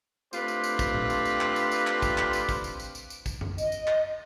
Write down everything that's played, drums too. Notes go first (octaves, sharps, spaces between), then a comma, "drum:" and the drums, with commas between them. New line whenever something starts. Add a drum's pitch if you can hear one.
A3 C4 D4 F4 G4 B4, drum: tambourine
drum: tambourine
drum: tambourine
drum: kick, tambourine
drum: tom A#2
drum: tambourine
drum: tambourine
drum: clap
drum: tambourine
drum: tambourine
drum: clap
drum: kick, tambourine
drum: clap
drum: tambourine
drum: kick, tambourine
drum: tambourine
drum: tambourine
drum: tambourine
drum: tambourine
drum: kick, tambourine
drum: tom F#2
D#5, drum: tambourine
drum: tambourine
drum: clap